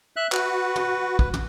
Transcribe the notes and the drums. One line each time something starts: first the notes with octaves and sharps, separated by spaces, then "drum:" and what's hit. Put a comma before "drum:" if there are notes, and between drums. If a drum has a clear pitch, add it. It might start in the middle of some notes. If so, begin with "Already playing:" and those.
E5 F#6
F#4 B4, drum: clap
drum: tom
drum: kick
drum: tom